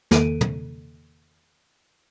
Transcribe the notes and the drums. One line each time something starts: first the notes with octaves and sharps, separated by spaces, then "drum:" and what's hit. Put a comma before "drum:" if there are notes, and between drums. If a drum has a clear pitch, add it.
E2 D#3 A#3 A4 D7 D#7, drum: snare
drum: tom